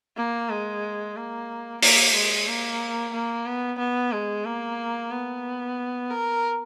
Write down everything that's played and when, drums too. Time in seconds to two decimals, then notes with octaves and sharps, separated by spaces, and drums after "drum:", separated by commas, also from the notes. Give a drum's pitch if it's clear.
0.17 A#3
0.50 G#3
1.16 A#3
1.82 A#3, drum: open hi-hat
2.15 G#3
2.48 A#3
3.14 A#3
3.46 B3
3.79 B3
4.12 G#3
4.45 A#3
5.11 B3
6.11 A#4